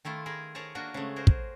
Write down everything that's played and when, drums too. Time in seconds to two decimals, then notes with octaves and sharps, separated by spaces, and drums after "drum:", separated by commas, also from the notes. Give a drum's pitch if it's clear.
0.05 D#3 A3 E4 F4
0.26 G#4 A#4 A5 B5
0.55 G#4 A#4 C#5 A5 A#5
0.75 A#3 D4 F#4 A#4
0.94 C#3 G#3 A3
1.16 F#4 G#4 A#4 C5
1.27 drum: kick